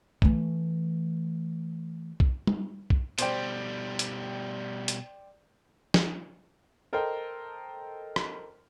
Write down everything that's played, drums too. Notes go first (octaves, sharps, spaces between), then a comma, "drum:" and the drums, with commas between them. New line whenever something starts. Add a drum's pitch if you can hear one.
E3 A3, drum: kick B1
drum: kick B1
drum: tom G3
drum: kick B1
B2 G3 C5 D5 G5, drum: hi-hat
drum: hi-hat
drum: hi-hat
drum: snare
A4 A#4 C5 D#5 G5
drum: rim click